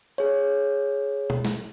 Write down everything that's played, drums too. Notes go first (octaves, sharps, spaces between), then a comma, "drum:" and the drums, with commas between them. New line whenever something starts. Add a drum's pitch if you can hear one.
G#4 C#5
drum: tom B2
drum: snare